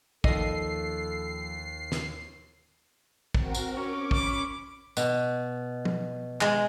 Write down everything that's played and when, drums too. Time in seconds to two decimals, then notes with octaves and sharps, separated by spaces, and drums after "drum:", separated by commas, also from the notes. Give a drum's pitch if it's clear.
0.24 D#2 F3 A4 D#5 C7, drum: kick
1.92 drum: snare
3.34 C4 F#4 A#4, drum: kick
3.55 drum: tambourine
3.77 C#4 D6
4.11 B5 D6, drum: kick
4.97 B2, drum: tambourine
5.85 drum: tom
6.41 G#3, drum: clap